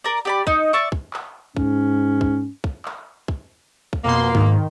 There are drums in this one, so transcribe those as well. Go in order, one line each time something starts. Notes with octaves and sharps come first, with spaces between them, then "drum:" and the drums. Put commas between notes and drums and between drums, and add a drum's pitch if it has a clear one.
A#4 D5
G4 D5 B5
D#4, drum: kick
D5 E5 C#6
drum: kick
drum: clap
G#2 C#4, drum: kick
drum: kick
drum: kick
drum: clap
drum: kick
drum: kick
F2 B2 A#3 C6
G#2 D#3, drum: kick